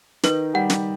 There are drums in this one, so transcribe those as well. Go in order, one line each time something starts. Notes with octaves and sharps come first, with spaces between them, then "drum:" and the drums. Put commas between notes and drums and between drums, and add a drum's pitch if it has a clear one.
D#3 D#4 B4, drum: snare
G3 G4 F#5
drum: snare